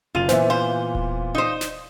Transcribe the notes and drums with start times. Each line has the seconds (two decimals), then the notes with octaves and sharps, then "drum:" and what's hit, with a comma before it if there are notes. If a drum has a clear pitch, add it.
0.15 F#1 F4 D#7 F7
0.29 A#2 E3 B3 C5 E5, drum: snare
0.50 C5 F5
0.95 drum: kick D#1
1.35 D#4 C5
1.61 drum: snare